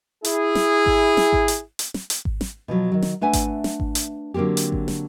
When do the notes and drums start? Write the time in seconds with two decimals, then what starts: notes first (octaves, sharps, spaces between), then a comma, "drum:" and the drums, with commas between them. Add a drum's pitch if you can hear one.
0.25 E4 G#4, drum: hi-hat
0.55 drum: snare
0.86 drum: kick G#1
1.17 drum: snare
1.33 drum: kick G#1
1.48 drum: hi-hat
1.79 drum: hi-hat
1.94 drum: snare
2.10 drum: hi-hat
2.25 drum: kick G#1
2.41 drum: snare
2.68 B2 F3 F#3 B3
2.92 D#3 F#3
3.02 drum: snare
3.21 A3 D4 B4 E5 F#5 G#5
3.33 drum: kick G#1, hi-hat
3.64 drum: snare
3.80 drum: kick G#1
3.95 drum: hi-hat
4.34 D3 F#3 A#3 C4 G4
4.57 drum: hi-hat
4.72 drum: kick G#1
4.88 drum: snare